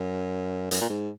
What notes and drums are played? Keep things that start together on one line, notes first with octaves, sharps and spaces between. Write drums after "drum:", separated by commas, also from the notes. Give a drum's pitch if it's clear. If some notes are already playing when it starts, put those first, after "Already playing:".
Already playing: F#2
F#2, drum: hi-hat
A#2
G#2